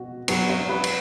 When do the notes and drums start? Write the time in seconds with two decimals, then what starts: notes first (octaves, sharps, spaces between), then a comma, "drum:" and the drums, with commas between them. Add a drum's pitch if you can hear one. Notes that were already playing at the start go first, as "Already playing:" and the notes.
Already playing: B2 F#4
0.28 F#3 B3 F#4 G4, drum: cymbal
0.49 C#5
0.69 B4
0.84 drum: cymbal